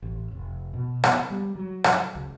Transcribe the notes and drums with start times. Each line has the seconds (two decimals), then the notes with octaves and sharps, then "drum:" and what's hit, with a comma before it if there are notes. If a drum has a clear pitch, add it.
0.02 A1
0.31 F1
0.73 B2
1.04 B3, drum: rim click
1.30 G3
1.56 F#3
1.84 drum: rim click
2.15 C#2